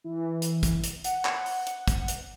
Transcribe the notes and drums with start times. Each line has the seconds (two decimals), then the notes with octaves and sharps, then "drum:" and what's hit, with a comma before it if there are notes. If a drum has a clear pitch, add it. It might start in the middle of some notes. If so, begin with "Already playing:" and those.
0.04 E3
0.42 drum: hi-hat
0.63 drum: kick, hi-hat
0.84 drum: hi-hat
1.04 F#5, drum: hi-hat
1.25 drum: clap
1.46 drum: open hi-hat
1.67 drum: hi-hat
1.88 drum: kick, hi-hat
2.08 drum: hi-hat